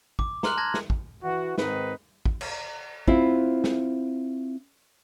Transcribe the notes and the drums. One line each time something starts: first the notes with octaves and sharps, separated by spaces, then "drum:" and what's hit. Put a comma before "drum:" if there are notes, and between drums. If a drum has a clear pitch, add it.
D6, drum: kick
A#5 C6 F6 F#6 F#7, drum: snare
A5 F#6 G#6 A#6
drum: snare
drum: kick
E3 F#4
G#2 D#3 C4 D#4 B4, drum: snare
drum: kick
drum: cymbal
C4 E4 F4, drum: kick
drum: snare